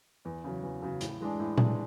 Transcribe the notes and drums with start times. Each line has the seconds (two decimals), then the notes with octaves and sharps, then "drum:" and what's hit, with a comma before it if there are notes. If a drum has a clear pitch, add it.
0.25 E2
0.44 C#3 F#3
0.63 E2
0.82 C#3 F#3
1.01 A2, drum: hi-hat
1.21 E3 G#3 D4
1.39 A2
1.58 E3 G#3 D4, drum: tom A#2